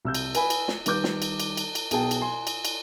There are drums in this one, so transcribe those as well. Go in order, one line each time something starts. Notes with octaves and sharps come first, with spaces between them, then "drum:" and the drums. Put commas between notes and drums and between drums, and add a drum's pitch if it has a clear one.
C2 E6 G6
drum: cymbal
B4 G#5 B5, drum: cymbal
drum: cymbal
drum: snare
D#3 G3 B4 D6 G6, drum: cymbal
drum: snare
drum: cymbal
drum: cymbal
drum: cymbal
drum: cymbal
B1 B2 G#4 G5 A5, drum: cymbal
drum: cymbal
G#5 C6
drum: cymbal
drum: cymbal